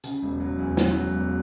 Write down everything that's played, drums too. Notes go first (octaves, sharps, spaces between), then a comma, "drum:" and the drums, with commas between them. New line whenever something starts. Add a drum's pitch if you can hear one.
C#3, drum: hi-hat
E1
F#3
E2
F#3, drum: snare
F#3
E1